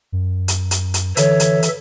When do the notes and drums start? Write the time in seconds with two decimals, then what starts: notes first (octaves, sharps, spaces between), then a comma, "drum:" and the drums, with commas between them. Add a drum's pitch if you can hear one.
0.12 F#2
0.48 drum: hi-hat
0.71 drum: hi-hat
0.94 drum: hi-hat
1.17 D3 E3 A4 C#5 E5, drum: hi-hat
1.40 drum: hi-hat
1.63 drum: hi-hat